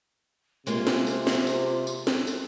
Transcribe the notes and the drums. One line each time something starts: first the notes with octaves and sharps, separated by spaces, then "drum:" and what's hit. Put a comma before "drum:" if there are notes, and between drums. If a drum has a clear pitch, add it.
C3 G#3 A#3 F4 F5, drum: tambourine
drum: snare
drum: tambourine
drum: snare
drum: tambourine
drum: tambourine
drum: snare
drum: tambourine